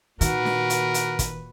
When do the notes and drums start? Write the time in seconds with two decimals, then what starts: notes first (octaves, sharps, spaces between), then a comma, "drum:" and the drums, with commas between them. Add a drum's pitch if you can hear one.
0.21 A#2 D#3 F#4 A#4 B4, drum: hi-hat
0.45 drum: snare
0.70 drum: hi-hat
0.94 drum: hi-hat
1.19 drum: kick, hi-hat